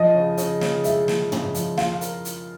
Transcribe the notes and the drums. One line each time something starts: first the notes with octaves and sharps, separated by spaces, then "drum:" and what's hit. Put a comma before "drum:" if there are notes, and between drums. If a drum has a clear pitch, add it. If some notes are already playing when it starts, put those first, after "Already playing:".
Already playing: F3 D#5
C#3
C#3, drum: hi-hat
C#3, drum: snare
G#3 E5, drum: hi-hat
F3, drum: snare
C#3, drum: tom
F3, drum: hi-hat
F4 F5, drum: snare
A#4, drum: hi-hat
drum: hi-hat